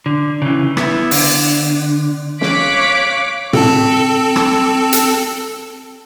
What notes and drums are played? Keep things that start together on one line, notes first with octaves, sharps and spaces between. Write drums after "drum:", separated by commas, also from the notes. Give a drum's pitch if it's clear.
D3
C#3 E3
B3 E4, drum: rim click
D3, drum: open hi-hat
C#5 F5 D6 F#6 B6 D7, drum: snare
C4 A4 A5, drum: tom
drum: rim click
drum: hi-hat